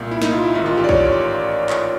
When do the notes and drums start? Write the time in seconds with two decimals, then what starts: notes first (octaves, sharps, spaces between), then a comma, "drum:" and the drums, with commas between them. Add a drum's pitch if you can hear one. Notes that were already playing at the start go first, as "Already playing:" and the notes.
Already playing: C2 A#2
0.11 E4
0.22 D#4, drum: snare
0.33 F4
0.44 E4
0.55 A1 G#2 D#3 E4
0.66 F4
0.77 G4
0.84 D5
0.89 C#5, drum: kick
1.05 C#5
1.70 drum: clap